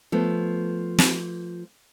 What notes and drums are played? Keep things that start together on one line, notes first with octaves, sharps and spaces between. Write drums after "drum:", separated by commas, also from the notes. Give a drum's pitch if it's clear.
F3 A3 B3
drum: snare